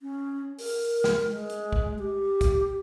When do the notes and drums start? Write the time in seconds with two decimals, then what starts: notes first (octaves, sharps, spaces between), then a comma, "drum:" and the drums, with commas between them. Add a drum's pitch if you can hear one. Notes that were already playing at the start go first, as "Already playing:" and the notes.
0.02 C#4
0.59 A#4, drum: open hi-hat
1.04 drum: snare
1.31 G#3
1.50 drum: hi-hat
1.73 drum: kick
1.99 G4
2.41 drum: kick, hi-hat